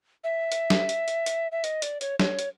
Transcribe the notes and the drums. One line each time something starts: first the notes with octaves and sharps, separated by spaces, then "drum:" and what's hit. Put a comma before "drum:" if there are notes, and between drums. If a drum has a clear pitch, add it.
E5
drum: hi-hat
drum: snare
drum: hi-hat
drum: hi-hat
drum: hi-hat
E5
D#5, drum: hi-hat
D5, drum: hi-hat
C#5, drum: hi-hat
C#5, drum: snare
drum: hi-hat